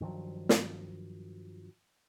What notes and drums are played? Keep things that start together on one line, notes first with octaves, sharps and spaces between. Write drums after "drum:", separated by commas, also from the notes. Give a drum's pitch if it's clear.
G2 D#3 F3 F#3
drum: snare